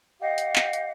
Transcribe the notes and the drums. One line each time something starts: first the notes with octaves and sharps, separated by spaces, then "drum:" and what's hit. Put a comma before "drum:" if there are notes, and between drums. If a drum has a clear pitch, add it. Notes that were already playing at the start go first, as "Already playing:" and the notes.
G4 D#5 F5 F#5
drum: hi-hat
drum: clap
drum: hi-hat